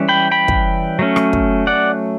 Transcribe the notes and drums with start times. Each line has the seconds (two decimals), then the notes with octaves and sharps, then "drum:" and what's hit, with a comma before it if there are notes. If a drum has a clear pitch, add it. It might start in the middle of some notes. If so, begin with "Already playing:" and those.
Already playing: E3 G3 C#4
0.09 G5 B5
0.31 G5 B5
0.48 drum: kick
0.99 F#3 A3 C#4
1.16 drum: rim click
1.33 drum: kick
1.67 D5 F#5